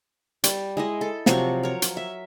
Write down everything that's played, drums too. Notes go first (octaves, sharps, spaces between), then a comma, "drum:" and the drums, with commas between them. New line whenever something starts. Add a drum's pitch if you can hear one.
G3, drum: hi-hat
G#3 E4 D#5
A4
C3 F3 F#3 C#6, drum: snare
A#4 C#5
drum: hi-hat
E5